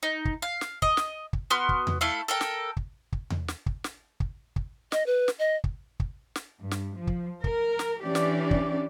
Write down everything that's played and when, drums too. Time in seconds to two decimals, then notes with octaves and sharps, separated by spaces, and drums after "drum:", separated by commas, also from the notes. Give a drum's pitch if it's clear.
0.03 D#4
0.25 drum: kick
0.42 F5
0.61 drum: snare
0.82 D#5, drum: kick
0.97 drum: snare
1.33 drum: kick
1.50 B3 F#4 C6 F6
1.69 drum: kick
1.87 drum: tom E2
2.01 A3 E4 A4 F5
2.28 A4 A#4 G5
2.41 drum: snare
2.77 drum: kick
3.12 drum: kick
3.30 drum: tom E2
3.48 drum: snare
3.66 drum: kick
3.84 drum: snare
4.20 drum: kick
4.56 drum: kick
4.92 D#5, drum: snare
5.06 B4
5.28 drum: snare
5.39 D#5
5.64 drum: kick
6.00 drum: kick
6.36 drum: snare
6.61 G2
6.71 drum: snare
6.98 F3
7.07 drum: kick
7.44 A#4, drum: kick
7.79 drum: snare
8.03 E3 C#4 D4 G4 D5
8.15 drum: snare
8.51 drum: kick